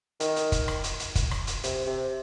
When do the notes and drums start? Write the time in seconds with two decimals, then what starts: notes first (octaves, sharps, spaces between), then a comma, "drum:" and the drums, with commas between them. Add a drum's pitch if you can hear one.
0.20 D#3, drum: hi-hat
0.36 drum: hi-hat
0.52 drum: kick, hi-hat
0.68 drum: rim click
0.84 drum: hi-hat
1.00 drum: hi-hat
1.15 drum: kick, hi-hat
1.31 drum: rim click
1.47 drum: hi-hat
1.64 C3, drum: hi-hat
1.87 C3